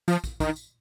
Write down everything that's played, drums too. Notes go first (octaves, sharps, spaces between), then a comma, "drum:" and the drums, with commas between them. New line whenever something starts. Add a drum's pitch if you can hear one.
F3, drum: tambourine
drum: kick, tambourine
D#3, drum: kick, tambourine
drum: tambourine